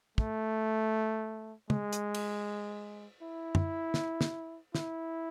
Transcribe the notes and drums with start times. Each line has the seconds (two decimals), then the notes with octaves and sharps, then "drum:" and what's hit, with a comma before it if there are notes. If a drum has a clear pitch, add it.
0.18 A3, drum: kick
1.70 G#3, drum: tom
1.93 drum: hi-hat
2.14 drum: cymbal
3.22 E4
3.55 drum: tom
3.94 drum: snare
4.21 drum: snare
4.75 E4, drum: snare